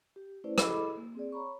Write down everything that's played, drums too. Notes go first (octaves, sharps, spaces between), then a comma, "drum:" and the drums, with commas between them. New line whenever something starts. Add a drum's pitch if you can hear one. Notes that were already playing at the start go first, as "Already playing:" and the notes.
G4
A3 C#4 E4 B4 C5 D5
E4 G#4 A4 D#5 B5 D6, drum: rim click
A#3
C4 G#4 D5
C#5 A#5 B5 C#6